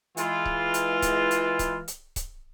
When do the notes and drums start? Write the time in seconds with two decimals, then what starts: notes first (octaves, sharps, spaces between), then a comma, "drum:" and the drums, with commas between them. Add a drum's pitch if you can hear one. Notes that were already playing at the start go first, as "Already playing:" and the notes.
0.17 E3 G#3 F4, drum: hi-hat
0.45 drum: kick C#1
0.74 drum: hi-hat
1.02 drum: kick C#1, hi-hat
1.31 drum: hi-hat
1.59 drum: kick C#1, hi-hat
1.88 drum: hi-hat
2.16 drum: kick C#1, hi-hat